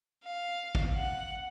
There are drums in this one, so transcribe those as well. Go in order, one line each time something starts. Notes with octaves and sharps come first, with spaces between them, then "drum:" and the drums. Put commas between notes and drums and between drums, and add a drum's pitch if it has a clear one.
F5
drum: kick
F#5